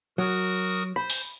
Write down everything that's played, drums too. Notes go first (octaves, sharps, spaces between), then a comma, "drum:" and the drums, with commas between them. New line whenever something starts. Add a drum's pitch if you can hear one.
F#3 F#4 A#4 D#6
C5 B5
drum: open hi-hat